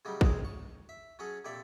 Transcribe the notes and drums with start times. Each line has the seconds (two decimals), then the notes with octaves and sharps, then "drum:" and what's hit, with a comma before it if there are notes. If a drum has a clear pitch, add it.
0.05 C#3 F#3 G3 A3 D#4
0.21 C4 D#4 G#4, drum: kick
0.45 C#6
0.89 E5
1.19 F#3 C#4 G#4 A4
1.45 A#1 F2 C3 A4 D5 E5